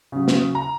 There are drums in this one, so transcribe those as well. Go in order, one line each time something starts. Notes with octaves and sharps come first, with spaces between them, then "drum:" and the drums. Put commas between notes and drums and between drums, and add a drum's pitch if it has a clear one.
C#3 F#3
drum: snare
A#5